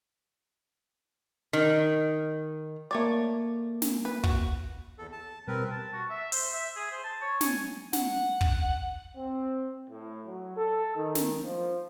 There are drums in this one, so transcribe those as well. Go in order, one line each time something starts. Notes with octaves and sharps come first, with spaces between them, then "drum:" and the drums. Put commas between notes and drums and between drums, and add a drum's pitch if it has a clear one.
D#3
A3 A#3 C#5 D5 D6
drum: snare
B4
F#4, drum: kick
E2 A4
A5
B2 G3 C4 A#4 B4
A5
F#4
E5
C5, drum: open hi-hat
E5
G#4
C5
A5
C#5
G#5, drum: snare
F#5, drum: snare
drum: kick
C4
A2
F#3
A4
D#3
drum: snare
F3